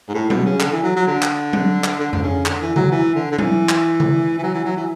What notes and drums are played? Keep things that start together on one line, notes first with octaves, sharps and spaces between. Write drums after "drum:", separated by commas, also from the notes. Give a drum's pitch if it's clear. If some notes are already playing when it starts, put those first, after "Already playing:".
G#2
A2
B2, drum: tom F#3
C#3
D3, drum: clap
E3
F#3
F#3
D3
drum: clap
drum: tom F#3
drum: clap
D3
D3, drum: tom F2
C#3
D3, drum: clap
E3
F#3, drum: tom C#3
E3
D3
D3
E3, drum: tom F#3
drum: clap
drum: tom C#3
E3
F#3
E3
F#3
E3